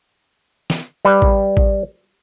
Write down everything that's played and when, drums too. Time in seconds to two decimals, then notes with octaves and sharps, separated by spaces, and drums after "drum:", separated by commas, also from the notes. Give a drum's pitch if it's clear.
0.70 drum: snare
1.05 G3 B4
1.22 drum: kick A1
1.57 drum: kick A1